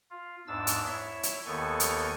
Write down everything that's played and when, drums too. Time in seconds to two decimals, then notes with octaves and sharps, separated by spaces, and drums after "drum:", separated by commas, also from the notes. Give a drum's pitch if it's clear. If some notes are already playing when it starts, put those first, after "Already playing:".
0.10 F4
0.48 E2 G#2 D4 E6 A6
0.67 drum: hi-hat
0.87 E4 C#5 E5
1.23 drum: hi-hat
1.46 D#2 D#3 B3 A4 G#5 C#6
1.80 drum: hi-hat